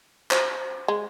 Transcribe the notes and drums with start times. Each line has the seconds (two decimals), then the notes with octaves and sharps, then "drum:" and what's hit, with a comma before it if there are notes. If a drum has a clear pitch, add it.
0.31 C5, drum: clap
0.88 G#3